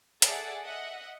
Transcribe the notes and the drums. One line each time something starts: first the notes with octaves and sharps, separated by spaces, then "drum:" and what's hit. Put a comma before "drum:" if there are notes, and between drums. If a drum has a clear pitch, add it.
G#4 A4 D5 E5 F#5, drum: hi-hat
D#5 E5 F#5